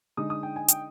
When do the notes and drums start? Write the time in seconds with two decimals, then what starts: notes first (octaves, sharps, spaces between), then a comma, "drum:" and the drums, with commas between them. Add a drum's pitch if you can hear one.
0.17 D3 G#3 D#4 D#6
0.30 D#6
0.43 G5
0.56 G#5
0.68 G5, drum: hi-hat